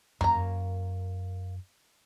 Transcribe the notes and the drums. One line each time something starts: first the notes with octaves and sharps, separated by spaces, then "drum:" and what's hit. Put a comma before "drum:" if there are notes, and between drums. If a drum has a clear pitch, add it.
F#2 A#3 A#5, drum: tom F2